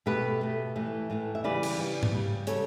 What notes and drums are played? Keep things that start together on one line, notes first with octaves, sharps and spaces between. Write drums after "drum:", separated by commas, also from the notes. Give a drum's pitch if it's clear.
B2 A3 G4 B4
B2 A3
A2 E3 A3
A2 E3 A3
E5
C#3 E3 G3 B4 D5
drum: cymbal
C#3 E3 G3
drum: tom G#2
C#3 G3
C#3 G3 A4 C#5, drum: hi-hat